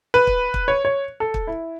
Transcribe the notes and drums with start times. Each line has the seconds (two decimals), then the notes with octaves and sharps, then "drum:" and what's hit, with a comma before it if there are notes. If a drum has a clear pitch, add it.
0.14 B4
0.27 drum: kick
0.54 drum: kick
0.68 C#5
0.85 C#5
1.20 A4
1.34 drum: kick
1.47 E4